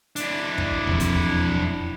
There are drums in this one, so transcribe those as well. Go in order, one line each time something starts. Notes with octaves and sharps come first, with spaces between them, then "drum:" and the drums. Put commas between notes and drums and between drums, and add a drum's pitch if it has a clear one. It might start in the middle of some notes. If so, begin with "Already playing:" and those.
D4 E4, drum: hi-hat
drum: kick
E1 F2
drum: kick, hi-hat